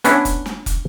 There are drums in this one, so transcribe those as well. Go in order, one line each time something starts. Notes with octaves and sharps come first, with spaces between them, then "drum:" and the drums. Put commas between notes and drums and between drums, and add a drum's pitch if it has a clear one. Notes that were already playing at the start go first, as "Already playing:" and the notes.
B3 C#4 D4 E4, drum: hi-hat
drum: kick, hi-hat
drum: snare
drum: kick, hi-hat